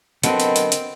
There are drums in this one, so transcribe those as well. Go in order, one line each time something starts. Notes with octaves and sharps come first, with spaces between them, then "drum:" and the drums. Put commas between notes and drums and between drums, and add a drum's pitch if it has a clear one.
D3 F#3 B3 C4 A4 A#4 D#5, drum: hi-hat
drum: hi-hat
drum: hi-hat
drum: hi-hat